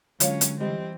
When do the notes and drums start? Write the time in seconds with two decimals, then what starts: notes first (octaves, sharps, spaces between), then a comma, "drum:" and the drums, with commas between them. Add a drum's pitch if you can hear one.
0.20 D3 F#3 G#3 C#4 F4 C#5 F5, drum: hi-hat
0.41 drum: hi-hat
0.60 E3 G3 C4 D#5